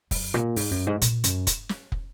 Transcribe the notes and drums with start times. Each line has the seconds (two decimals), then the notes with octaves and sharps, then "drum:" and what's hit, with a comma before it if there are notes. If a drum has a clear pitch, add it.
0.11 F#2, drum: kick, open hi-hat
0.34 A#2
0.56 G#2, drum: open hi-hat
0.71 F#2
0.87 G#2
1.02 A#2, drum: hi-hat
1.24 F#2, drum: hi-hat
1.47 drum: kick, hi-hat
1.69 drum: snare
1.92 drum: kick